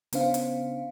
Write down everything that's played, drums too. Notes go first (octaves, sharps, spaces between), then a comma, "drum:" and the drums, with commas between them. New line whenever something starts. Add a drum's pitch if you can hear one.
C#3 B3 C#4 D4 C5 F5, drum: hi-hat
drum: hi-hat